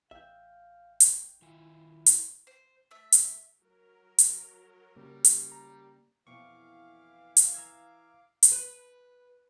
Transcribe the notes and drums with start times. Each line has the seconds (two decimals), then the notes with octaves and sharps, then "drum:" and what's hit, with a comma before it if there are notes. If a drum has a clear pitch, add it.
0.11 A1 E5 F5 G5 G6
1.00 drum: hi-hat
1.42 D#3 E4 F4 G#5
2.06 drum: hi-hat
2.47 C5
2.91 A3 E5
3.12 drum: hi-hat
3.61 F#3 A#4
4.18 drum: hi-hat
4.96 C#3 G3 A#3
5.24 drum: hi-hat
5.52 A#5
6.27 F2 B2 E3 E4 F5 C#6 D6
7.37 drum: hi-hat
7.54 A#5 E6 G#6
8.43 drum: hi-hat
8.52 B4